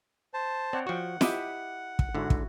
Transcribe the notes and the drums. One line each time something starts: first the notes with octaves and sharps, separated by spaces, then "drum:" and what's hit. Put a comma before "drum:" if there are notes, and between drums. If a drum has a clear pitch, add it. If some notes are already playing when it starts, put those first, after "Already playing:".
C5 A5
C4 C#5 D5 F#5
F3 F#4 F#5 G5 C#6
E4 G4 D#5 D6 E6, drum: snare
drum: kick
G#2 D3 E4 F#4
drum: kick